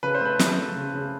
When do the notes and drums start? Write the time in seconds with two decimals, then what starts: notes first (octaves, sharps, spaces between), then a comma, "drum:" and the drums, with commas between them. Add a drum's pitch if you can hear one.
0.03 C#3 B4
0.15 C5
0.21 A3 B4
0.39 C#3, drum: snare
0.58 A3
0.77 C#3
0.94 C#3